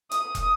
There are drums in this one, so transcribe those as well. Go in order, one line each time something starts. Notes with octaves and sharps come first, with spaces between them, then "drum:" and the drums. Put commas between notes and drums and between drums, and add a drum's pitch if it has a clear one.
D#6, drum: hi-hat
drum: kick, hi-hat